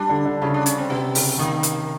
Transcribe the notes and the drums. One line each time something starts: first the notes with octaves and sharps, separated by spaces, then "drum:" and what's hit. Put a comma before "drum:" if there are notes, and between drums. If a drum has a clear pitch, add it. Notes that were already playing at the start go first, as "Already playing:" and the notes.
Already playing: G3 D4
D3
D3
C#3 E4
D4
C#4, drum: hi-hat
C4
C3 B3
C#3, drum: open hi-hat
D#3 A#3
drum: hi-hat